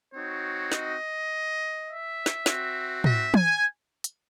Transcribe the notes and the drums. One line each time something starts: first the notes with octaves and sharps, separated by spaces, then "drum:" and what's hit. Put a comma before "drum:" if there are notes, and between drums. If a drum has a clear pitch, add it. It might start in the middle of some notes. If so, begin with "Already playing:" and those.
C4 D#4 F#4 C#5
D#5, drum: snare
E5
drum: snare
C4 F#4, drum: snare
E5, drum: tom
G#5, drum: tom
drum: hi-hat